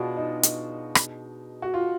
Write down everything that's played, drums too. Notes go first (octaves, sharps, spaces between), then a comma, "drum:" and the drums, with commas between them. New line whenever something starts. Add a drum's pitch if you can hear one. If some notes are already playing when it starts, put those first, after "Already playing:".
Already playing: B2 G#3 D4 F4 F#4
D#4
drum: hi-hat
drum: rim click
F#4
F4